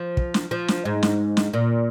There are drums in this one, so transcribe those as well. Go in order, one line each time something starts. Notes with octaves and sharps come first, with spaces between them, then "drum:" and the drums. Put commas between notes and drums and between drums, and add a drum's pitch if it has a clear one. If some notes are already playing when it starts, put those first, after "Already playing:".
Already playing: F3
drum: kick
drum: snare
F3
drum: snare
G#2
drum: snare
drum: snare
A#2